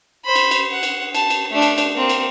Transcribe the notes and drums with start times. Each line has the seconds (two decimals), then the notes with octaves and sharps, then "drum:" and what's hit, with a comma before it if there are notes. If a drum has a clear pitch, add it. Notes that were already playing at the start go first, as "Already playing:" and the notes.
0.25 C5 B5
0.35 drum: cymbal
0.51 drum: cymbal
0.71 F#5
0.83 drum: cymbal
1.15 A5, drum: cymbal
1.30 drum: cymbal
1.51 A3 D4
1.62 drum: cymbal
1.78 drum: cymbal
1.95 A#3 C4
2.09 drum: cymbal